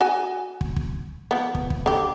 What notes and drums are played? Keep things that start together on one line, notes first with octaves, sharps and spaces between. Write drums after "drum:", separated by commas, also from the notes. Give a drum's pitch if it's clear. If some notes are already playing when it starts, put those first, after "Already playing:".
F#4 G#5
drum: kick
drum: kick
F3 B3
drum: kick
drum: kick
D3 G4